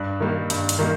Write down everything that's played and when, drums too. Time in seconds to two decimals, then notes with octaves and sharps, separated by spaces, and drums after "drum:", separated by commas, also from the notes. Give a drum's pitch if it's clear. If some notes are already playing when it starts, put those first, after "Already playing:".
Already playing: G2 F#6
0.20 D#3 G3 A#3
0.50 G2, drum: hi-hat
0.69 drum: hi-hat
0.79 D#3 G3 A#3